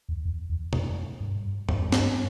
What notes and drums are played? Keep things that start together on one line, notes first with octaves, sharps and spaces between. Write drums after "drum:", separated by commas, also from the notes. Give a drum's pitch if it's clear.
E2
E2
E2
F2, drum: tom B2
G2
G2, drum: tom E2
G2, drum: snare